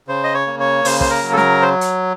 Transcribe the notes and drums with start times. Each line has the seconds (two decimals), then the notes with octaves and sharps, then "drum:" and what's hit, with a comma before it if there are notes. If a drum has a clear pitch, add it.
0.08 C#3 C5
0.24 D#5
0.34 C#5
0.47 A#3
0.60 C#5
0.85 C#3 C5, drum: open hi-hat
1.01 C5, drum: kick
1.10 A#4
1.23 F#3
1.32 A4
1.37 A#4, drum: snare
1.62 C5
1.81 drum: hi-hat